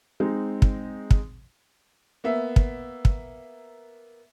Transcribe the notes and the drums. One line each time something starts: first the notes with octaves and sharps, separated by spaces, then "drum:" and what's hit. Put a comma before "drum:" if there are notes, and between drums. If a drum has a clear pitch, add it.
G#3 C4 D#4
drum: kick
drum: kick
A#3 B3 E5
drum: kick
drum: kick